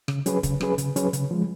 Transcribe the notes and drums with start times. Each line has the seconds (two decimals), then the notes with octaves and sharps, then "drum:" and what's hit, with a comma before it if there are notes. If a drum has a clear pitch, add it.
0.08 C#3, drum: rim click
0.26 F#3 C#4 G#4 B4, drum: hi-hat
0.43 C#3, drum: kick, hi-hat
0.61 F#3 C#4 G#4 B4, drum: rim click
0.78 C#3, drum: hi-hat
0.96 F#3 C#4 G#4 B4, drum: hi-hat
1.13 C#3, drum: hi-hat
1.31 F3 G#3